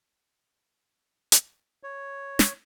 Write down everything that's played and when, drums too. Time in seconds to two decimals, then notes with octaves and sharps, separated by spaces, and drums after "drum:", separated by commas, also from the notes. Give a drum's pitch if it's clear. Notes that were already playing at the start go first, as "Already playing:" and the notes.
1.32 drum: hi-hat
1.83 C#5
2.39 drum: snare